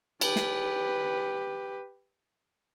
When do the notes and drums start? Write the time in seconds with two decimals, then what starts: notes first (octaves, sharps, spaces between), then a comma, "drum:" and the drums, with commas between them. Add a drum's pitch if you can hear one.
0.21 G4 B4, drum: cymbal
0.36 drum: snare